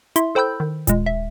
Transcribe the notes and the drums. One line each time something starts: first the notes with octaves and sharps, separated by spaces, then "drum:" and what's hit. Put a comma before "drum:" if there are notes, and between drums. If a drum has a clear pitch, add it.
E4 E5 C6, drum: hi-hat
A4 C5 G5 B5 E6 G6
D#3
A#2 G#3, drum: kick D1, hi-hat
E5